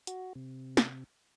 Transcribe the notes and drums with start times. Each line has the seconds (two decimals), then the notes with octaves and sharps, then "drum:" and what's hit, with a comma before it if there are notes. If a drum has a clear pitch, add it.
0.07 F#4, drum: hi-hat
0.35 C3
0.77 drum: snare